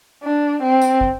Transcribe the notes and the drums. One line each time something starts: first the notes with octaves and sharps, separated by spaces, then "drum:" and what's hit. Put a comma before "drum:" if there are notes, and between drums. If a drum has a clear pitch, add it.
D4
C4
drum: tambourine
drum: kick